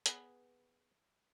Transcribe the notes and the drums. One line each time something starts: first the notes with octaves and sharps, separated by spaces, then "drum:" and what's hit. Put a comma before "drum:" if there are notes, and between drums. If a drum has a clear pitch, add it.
B3 G#4 B4, drum: hi-hat